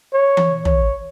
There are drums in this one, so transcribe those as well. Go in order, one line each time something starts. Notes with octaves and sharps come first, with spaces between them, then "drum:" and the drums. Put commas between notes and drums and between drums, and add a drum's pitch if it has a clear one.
C#5
drum: tom E3
C#5, drum: tom